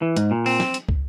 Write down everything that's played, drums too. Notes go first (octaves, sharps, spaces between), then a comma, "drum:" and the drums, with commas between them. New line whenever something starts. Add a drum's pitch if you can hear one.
E3
G#2, drum: hi-hat
A#2
C4, drum: open hi-hat
drum: snare
drum: hi-hat
drum: kick